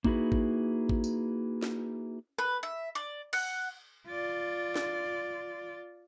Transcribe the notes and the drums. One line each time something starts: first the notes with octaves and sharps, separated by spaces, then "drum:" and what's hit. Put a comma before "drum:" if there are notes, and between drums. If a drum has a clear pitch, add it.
A#3 D#4 E4 F#4 G#4 B4, drum: kick A1
drum: kick A1
drum: kick A1
drum: tambourine
drum: snare
B4, drum: rim click
E5
D5
F#5, drum: cymbal
F4 D5
drum: snare